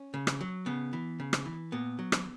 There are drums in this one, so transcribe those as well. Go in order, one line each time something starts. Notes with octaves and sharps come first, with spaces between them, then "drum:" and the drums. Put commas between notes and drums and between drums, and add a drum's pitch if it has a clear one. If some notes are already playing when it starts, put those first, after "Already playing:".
Already playing: C#4
C#3
drum: rim click
F#3
C#3 B3
E3
C#3
drum: rim click
E3
A#2 B3
F#3
drum: rim click